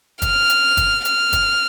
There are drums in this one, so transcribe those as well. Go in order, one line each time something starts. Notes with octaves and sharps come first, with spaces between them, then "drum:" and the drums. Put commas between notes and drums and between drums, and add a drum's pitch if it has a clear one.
F6, drum: kick, hi-hat
drum: hi-hat
drum: kick, hi-hat
F6, drum: hi-hat
drum: kick, hi-hat